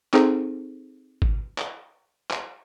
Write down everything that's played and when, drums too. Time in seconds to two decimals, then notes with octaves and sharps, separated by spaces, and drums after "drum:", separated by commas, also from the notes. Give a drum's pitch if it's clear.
0.13 C4 D#4 G#4 A4 C5, drum: clap
1.22 drum: kick G#1
1.58 drum: clap
2.30 drum: clap